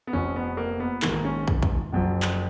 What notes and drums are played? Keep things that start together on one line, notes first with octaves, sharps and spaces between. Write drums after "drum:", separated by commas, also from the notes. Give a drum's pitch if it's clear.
B3
F1 F2 F3 C#4
B3
A#3
B3
A#1 G#2 D#3 A#3, drum: clap
C#4
drum: kick
drum: kick
F#1 F#2 F3
drum: clap